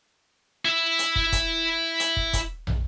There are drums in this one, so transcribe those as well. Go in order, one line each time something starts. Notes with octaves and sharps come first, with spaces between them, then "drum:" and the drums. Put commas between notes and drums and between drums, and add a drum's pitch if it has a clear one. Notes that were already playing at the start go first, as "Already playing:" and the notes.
E4 E5
drum: hi-hat
drum: kick
drum: kick, hi-hat
drum: hi-hat
drum: kick
drum: kick, hi-hat
drum: tom